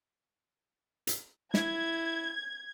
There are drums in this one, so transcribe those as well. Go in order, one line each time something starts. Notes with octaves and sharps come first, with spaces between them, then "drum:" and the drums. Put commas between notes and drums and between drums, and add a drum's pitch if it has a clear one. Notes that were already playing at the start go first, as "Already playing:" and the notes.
drum: hi-hat
E4 G#6, drum: snare